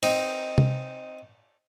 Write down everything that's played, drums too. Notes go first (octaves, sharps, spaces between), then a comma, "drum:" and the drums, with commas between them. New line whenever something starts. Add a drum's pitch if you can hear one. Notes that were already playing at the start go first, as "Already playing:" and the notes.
C4 D#4, drum: cymbal
drum: tom C3